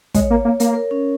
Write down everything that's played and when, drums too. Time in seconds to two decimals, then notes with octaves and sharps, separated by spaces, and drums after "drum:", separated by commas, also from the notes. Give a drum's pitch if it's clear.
0.14 G#3 C#5, drum: kick, hi-hat
0.30 A#3
0.45 A#3
0.60 A#3 A#4, drum: hi-hat
0.75 A#4
0.91 C#4